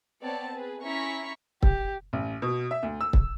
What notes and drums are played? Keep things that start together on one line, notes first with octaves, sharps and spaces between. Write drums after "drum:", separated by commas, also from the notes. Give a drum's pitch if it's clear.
B3 C4 C#5 D5 A5
G#4 B4
C#4 E4 A#5 C#6 B6
G4, drum: kick
A1
B2
E5
D2
E6
drum: kick